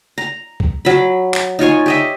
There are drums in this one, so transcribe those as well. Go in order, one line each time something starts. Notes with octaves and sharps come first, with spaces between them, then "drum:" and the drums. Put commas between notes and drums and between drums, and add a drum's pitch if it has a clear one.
A#5
drum: kick
F#3 B5
drum: clap
D#4 F4 C#5 G#5
G4 D#5 E5